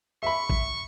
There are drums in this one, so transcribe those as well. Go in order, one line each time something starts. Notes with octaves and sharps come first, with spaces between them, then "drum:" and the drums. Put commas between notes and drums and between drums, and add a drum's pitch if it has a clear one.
E5 B5 C#6
drum: kick G#1